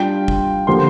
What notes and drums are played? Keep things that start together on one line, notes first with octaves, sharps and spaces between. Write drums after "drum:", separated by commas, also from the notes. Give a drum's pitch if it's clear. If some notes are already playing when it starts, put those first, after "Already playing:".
Already playing: G3 D4 F4 G5
drum: kick
D3 F3 A#3 G4 C6